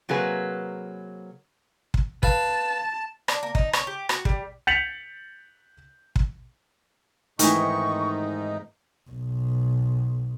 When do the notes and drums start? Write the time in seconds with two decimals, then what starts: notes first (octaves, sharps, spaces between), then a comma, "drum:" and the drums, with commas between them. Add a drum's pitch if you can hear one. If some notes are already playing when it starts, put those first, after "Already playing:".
0.09 C3 F#3 A#3 G#4 B4
1.94 drum: kick
2.23 B4 F5 A5, drum: kick
3.28 D4, drum: rim click
3.43 A#3
3.55 D#4, drum: kick
3.73 C#5, drum: rim click
3.87 G4
4.09 F#4, drum: rim click
4.25 G3, drum: kick
4.67 G6 A6 B6 C#7 F7 F#7
6.16 drum: kick
7.39 G#2 D#3 E3 G#3 A3 C4 D#4 C#6, drum: hi-hat
9.10 B1